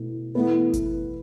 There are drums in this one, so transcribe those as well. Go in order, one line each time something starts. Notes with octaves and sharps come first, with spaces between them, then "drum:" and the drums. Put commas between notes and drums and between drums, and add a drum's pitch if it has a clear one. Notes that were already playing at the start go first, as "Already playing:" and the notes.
Already playing: B2 A3 E4
E3 A3 B3 E4 B4
drum: kick G1, hi-hat